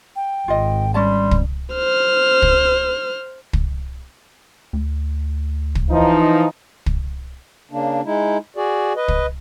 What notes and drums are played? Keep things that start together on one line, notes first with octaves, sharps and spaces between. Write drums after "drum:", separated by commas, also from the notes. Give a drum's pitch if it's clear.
G5
G#1 F4 D#5
G3 C#4 D5 A5 C6
drum: kick
C5 F6
drum: kick
drum: kick
D2
drum: kick
E3 F3 D#4
drum: kick
C#3 A#3 D4
G#3 D#4 E4
F#4 G#4 D5
B4 D#5
drum: kick